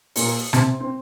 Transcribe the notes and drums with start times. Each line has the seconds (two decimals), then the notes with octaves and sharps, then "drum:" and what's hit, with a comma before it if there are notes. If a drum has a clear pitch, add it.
0.16 A#2 A#3, drum: open hi-hat
0.53 C3 C4, drum: rim click
0.80 C4